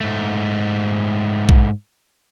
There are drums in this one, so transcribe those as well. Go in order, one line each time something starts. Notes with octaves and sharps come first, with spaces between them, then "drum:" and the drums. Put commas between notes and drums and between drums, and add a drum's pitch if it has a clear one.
G#2 A3
drum: kick A#1